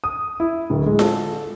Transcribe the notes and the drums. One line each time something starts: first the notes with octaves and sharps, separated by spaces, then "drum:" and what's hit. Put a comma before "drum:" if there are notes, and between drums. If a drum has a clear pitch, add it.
D#6
E4
D1
G#3
A4, drum: snare F4